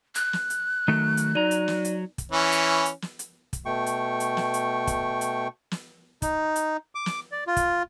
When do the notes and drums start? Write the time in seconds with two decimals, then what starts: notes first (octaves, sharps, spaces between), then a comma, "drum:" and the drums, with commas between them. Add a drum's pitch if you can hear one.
0.15 F#6, drum: hi-hat
0.33 drum: snare
0.50 drum: hi-hat
0.88 D#3 F#3 A3
1.17 drum: hi-hat
1.35 F#3 D#4 D5 A#5 D#7
1.51 drum: hi-hat
1.68 drum: snare
1.85 drum: hi-hat
2.18 drum: kick, hi-hat
2.32 E3 C#4
2.52 drum: hi-hat
2.85 drum: hi-hat
3.02 drum: snare
3.19 drum: hi-hat
3.53 drum: kick, hi-hat
3.66 B2 A3 G5 C#6
3.86 drum: hi-hat
4.20 drum: hi-hat
4.37 drum: snare
4.54 drum: hi-hat
4.87 drum: kick, hi-hat
5.21 drum: hi-hat
5.71 drum: snare
6.22 D#4, drum: kick, hi-hat
6.56 drum: hi-hat
6.95 D6
7.06 drum: snare
7.32 D5
7.47 F4
7.57 drum: kick, hi-hat